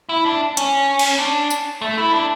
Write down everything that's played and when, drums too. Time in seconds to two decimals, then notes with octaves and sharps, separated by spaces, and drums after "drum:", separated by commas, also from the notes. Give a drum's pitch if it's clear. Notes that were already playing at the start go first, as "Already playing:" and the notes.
0.09 E4
0.26 D4
0.57 C#4, drum: hi-hat
0.99 drum: cymbal
1.19 D4
1.50 drum: tambourine
1.81 A3
1.98 E4
2.13 D4